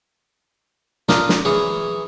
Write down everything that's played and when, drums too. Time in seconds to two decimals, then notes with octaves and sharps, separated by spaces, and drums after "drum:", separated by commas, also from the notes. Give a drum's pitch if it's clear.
1.09 D4 F4 A#4 D#5, drum: snare
1.29 drum: snare
1.45 E3 G#4 C#5